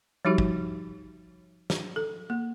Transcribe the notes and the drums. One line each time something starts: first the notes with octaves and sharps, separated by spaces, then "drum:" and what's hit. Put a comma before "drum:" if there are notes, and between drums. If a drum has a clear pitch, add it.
F3 G3 D#4 F#4 G4
drum: kick
drum: snare
A4
A#3